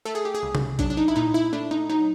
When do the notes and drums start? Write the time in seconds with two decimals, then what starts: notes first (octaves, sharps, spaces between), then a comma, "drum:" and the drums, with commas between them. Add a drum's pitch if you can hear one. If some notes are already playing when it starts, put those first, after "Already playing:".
0.05 A3 A4
0.15 G#4
0.25 G4
0.35 G#4
0.43 C2
0.55 drum: tom C3
0.79 F#3 D4, drum: kick A1, hi-hat
0.90 D4
0.97 D#4
1.08 E4
1.16 A#2 D#4
1.34 E4
1.53 A3 D4
1.71 D#4
1.90 F#3 D#4